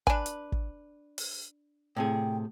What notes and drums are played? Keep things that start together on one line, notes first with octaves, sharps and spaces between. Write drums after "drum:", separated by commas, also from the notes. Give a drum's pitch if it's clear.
D4 B4 G#5, drum: kick
drum: hi-hat
drum: kick
drum: open hi-hat
A2 C3 G#4 G5